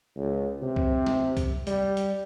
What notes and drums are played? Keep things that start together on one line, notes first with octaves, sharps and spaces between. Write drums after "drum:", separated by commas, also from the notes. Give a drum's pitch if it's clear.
C#2
C3
drum: kick
drum: snare
drum: kick, hi-hat
G3, drum: hi-hat
drum: hi-hat